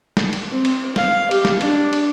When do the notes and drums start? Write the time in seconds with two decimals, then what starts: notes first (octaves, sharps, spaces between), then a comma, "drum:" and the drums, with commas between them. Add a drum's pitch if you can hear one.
0.17 drum: snare
0.33 drum: cymbal
0.51 C4
0.65 drum: cymbal
0.96 F5, drum: snare
1.31 G4, drum: cymbal
1.45 drum: snare
1.61 D4, drum: cymbal
1.93 drum: cymbal